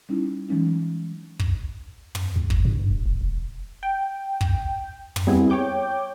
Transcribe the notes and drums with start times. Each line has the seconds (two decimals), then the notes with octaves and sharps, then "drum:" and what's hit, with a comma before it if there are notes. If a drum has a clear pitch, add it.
0.09 G3 C#4 D#4 E4
0.49 E3 F#3 G#3 C#4 D#4
1.39 drum: kick
2.15 drum: tom
2.36 D2
2.50 G1, drum: kick
2.65 G2
2.90 D#1
3.06 E1
3.21 E1
3.83 G5
4.41 drum: kick
5.16 drum: tom
5.27 G3 B3 C4 E4 G#4
5.50 C#5 G5 D6 G6